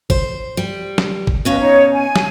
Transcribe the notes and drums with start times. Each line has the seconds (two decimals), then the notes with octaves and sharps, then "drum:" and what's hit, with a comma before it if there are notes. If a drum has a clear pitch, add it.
0.10 C5, drum: kick G#1
0.57 G3
0.98 drum: snare
1.27 drum: kick G#1
1.45 B2 C#4 B4 D#5 F5
1.59 D#4 C#5
1.92 G#5
2.16 drum: snare